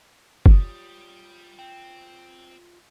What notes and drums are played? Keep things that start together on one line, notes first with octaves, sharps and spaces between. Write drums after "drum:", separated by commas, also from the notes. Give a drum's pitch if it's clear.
G3 F4 G4 C#5 D#6, drum: kick
C4 G5